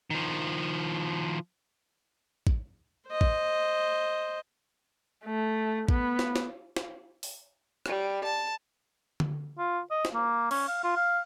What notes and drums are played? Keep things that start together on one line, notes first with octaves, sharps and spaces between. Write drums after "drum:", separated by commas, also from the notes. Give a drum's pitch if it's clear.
D#3 F3
drum: kick A1
C5 D#5
drum: kick A1
A3
B3, drum: kick A1
drum: snare
drum: snare
drum: snare
drum: open hi-hat
G3, drum: rim click
A5
drum: tom D3
F4
D#5
drum: snare
A#3
C#4, drum: cymbal
F5
F4
F5